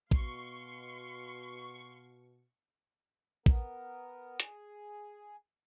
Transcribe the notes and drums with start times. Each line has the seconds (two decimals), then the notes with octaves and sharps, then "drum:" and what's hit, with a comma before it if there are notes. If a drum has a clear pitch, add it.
0.11 B2 F5 C6 C#6, drum: kick
3.46 B3 A#4, drum: kick
4.40 G#4, drum: hi-hat